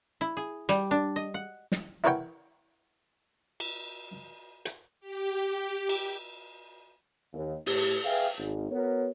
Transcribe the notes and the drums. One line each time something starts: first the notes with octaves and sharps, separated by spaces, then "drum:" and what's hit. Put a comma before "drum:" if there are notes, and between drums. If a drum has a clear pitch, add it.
E4
G#4
G3, drum: hi-hat
D4
D#5
F#5
drum: snare
E4 A#4 B4 C#5 F#5 G5
drum: cymbal
drum: hi-hat
G4
drum: cymbal
D#2
A2 G4, drum: open hi-hat
G#4 B4 E5 F5 G5
G#1
B3 F#4 A#4 C#5